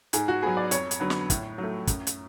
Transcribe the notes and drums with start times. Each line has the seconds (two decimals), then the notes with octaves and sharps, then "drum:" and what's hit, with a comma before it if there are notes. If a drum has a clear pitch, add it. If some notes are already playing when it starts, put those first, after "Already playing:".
0.13 G#2 G#4, drum: hi-hat
0.28 F#4
0.42 F#3 B3 G#4
0.57 D5
0.71 F2 C#5, drum: hi-hat
0.91 drum: hi-hat
1.00 D3 F#3 B3
1.10 drum: snare
1.30 A2, drum: kick, hi-hat
1.58 F#3
1.63 A3
1.87 F#2, drum: kick, hi-hat
2.07 drum: hi-hat